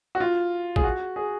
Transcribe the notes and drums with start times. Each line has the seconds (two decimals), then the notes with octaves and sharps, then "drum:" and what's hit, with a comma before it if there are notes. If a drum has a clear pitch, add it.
0.15 F#4
0.20 F4
0.76 G#4, drum: kick
0.84 F#4
1.16 G#4